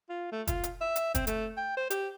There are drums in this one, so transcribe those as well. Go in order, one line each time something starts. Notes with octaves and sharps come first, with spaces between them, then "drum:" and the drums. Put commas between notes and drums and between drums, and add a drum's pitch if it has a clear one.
F4
A3
F4, drum: kick, hi-hat
drum: hi-hat
E5
drum: hi-hat
C4, drum: kick, hi-hat
A3, drum: hi-hat
G5
C5
G4, drum: hi-hat